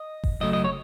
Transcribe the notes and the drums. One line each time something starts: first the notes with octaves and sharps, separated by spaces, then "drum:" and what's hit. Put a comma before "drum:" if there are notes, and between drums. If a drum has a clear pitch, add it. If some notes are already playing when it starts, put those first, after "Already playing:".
Already playing: D#5
drum: kick G1
F#2 C#3 F#3 A3 D#5
D#5
C#5